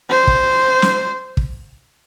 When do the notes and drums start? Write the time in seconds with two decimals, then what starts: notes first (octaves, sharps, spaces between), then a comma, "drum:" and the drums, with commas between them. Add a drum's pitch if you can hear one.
0.10 C5
0.27 drum: kick
0.82 drum: snare
1.37 drum: kick